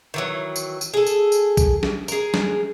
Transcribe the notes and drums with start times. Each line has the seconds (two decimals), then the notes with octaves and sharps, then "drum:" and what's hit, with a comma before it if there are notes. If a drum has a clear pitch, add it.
0.14 D#3 E3 F#3
0.56 drum: tambourine
0.81 drum: tambourine
0.94 G#4 A4
1.06 drum: tambourine
1.32 drum: tambourine
1.57 drum: kick A#1, tambourine
1.83 drum: snare
2.08 G#4 A#4, drum: tambourine
2.34 drum: snare